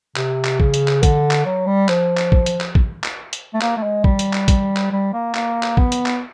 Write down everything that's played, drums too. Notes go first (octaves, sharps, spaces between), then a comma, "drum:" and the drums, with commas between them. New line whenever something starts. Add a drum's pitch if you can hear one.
C3, drum: clap
drum: clap
C#3, drum: kick A1
drum: hi-hat
drum: clap
D3, drum: kick A1, hi-hat
drum: clap
F#3
G3
F3, drum: clap
drum: clap
drum: kick A1
drum: hi-hat
drum: clap
drum: kick A1
drum: clap
drum: hi-hat
A3
A#3, drum: clap
A3
G#3
G3, drum: kick A1
drum: hi-hat
drum: clap
drum: kick A1, hi-hat
drum: clap
G3
A#3
A#3, drum: clap
drum: clap
B3, drum: kick A1
drum: hi-hat
drum: clap